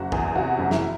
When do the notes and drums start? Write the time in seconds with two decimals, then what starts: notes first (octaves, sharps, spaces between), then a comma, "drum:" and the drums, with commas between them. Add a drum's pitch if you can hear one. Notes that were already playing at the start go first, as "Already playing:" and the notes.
Already playing: F#1 F#4
0.12 E2, drum: kick
0.35 C3 F#4
0.59 F#1
0.71 E4, drum: snare